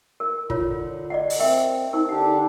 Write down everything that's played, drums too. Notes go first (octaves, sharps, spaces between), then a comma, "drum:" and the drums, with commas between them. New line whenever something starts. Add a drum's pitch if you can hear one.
A#4
D3 F4 C#5, drum: kick
D5 D#5 F#5
drum: open hi-hat
C4 A#4 E5 G5
D#4 A#4
D3 D4 G4 F#5